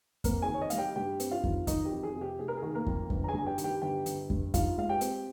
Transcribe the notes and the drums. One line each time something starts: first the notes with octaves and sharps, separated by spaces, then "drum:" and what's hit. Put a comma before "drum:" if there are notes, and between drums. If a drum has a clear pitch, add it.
A#3 C4 A#4, drum: kick F2, hi-hat
G#4 G#5
D#3
C#5
D#5
G3 F5, drum: hi-hat
G4 G5
G2 G4 G5
C4, drum: hi-hat
F4 F5
D#3, drum: kick F2
D#3 D#4 D#5, drum: kick F2, hi-hat
G4
F2
G#4
C3
G4
F1 G#4
A#4
G#4
D#3
A#3 A#4
F2, drum: kick F2
G1, drum: kick F2
A#5
G#4 G#5
G2
G#5
G4 G5
D#3, drum: hi-hat
G4 G5
G1 G4 G5
G1, drum: hi-hat
G2, drum: kick F2
D#4 F4 F5, drum: kick F2, hi-hat
G#3 F5
G4 G5
C4, drum: hi-hat